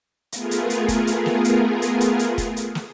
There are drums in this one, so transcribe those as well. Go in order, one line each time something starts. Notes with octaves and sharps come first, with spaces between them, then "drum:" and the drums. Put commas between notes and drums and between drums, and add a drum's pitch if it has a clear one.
A3 B3 F4 G#4 A#4, drum: hi-hat
drum: hi-hat
drum: hi-hat
drum: kick, hi-hat
drum: hi-hat
drum: snare
drum: hi-hat
drum: hi-hat
drum: hi-hat
drum: hi-hat
drum: kick, hi-hat
drum: hi-hat
drum: snare